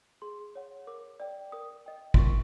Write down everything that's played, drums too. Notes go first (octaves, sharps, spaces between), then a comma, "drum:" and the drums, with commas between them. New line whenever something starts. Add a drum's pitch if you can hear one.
G#4 C6
C#5 F#5
A#4 D6
D5 G5
A#4 D#6
D#5 G5
C6, drum: kick
A#4 C#6